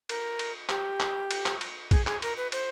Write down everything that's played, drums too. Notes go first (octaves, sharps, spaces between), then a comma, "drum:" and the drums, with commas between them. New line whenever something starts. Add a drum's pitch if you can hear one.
A#4, drum: cymbal
drum: cymbal
G4, drum: clap
drum: clap
drum: cymbal
drum: clap
drum: cymbal
G#4, drum: kick, cymbal
G#4, drum: clap
A#4, drum: cymbal
B4
C5, drum: cymbal